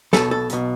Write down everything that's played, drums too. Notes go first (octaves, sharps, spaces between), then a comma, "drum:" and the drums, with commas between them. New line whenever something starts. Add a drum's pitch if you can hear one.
B1 B2 A4, drum: snare
A4
B1 B2, drum: hi-hat